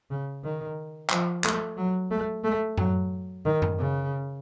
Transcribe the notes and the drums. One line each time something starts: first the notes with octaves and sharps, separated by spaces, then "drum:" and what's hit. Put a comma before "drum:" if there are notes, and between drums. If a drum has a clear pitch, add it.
C#3
D#3
F3, drum: clap
A3, drum: clap
F#3
A3
A3
F#3, drum: tom F#2
D#3
drum: tom F#2
C#3